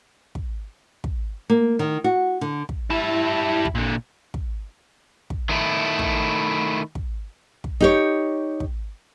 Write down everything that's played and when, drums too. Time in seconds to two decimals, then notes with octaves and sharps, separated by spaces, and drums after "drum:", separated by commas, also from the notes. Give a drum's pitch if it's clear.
0.35 drum: kick
1.04 drum: kick
1.50 A#3
1.79 D#3
2.04 F#4
2.41 D3
2.69 drum: kick
2.90 G3 E4 A5
3.65 drum: kick
3.75 A#2 D3
4.34 drum: kick
5.30 drum: kick
5.49 D#3 A3 E4
5.99 drum: kick
6.95 drum: kick
7.64 drum: kick
7.80 D#4 G4 C#5
8.60 drum: kick